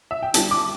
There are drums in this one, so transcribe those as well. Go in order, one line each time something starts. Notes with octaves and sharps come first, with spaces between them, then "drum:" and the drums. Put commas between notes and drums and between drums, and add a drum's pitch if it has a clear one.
E5
G5
D3 G3 D4 A5, drum: hi-hat
D6